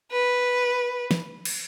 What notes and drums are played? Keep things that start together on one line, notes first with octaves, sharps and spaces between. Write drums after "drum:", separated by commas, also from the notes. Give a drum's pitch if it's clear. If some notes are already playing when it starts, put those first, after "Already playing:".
B4
drum: snare
drum: cymbal